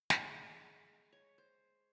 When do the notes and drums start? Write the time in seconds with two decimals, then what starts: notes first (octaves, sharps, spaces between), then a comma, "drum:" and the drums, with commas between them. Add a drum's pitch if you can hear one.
0.10 G#3, drum: snare
1.12 C#5
1.38 C5